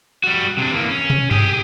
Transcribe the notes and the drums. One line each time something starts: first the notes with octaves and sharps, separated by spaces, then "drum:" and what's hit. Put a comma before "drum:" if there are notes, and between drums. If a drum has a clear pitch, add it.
G3 F#4
C3 D4
E3 A#3
C#4
drum: tom
G4 G#4, drum: tom G2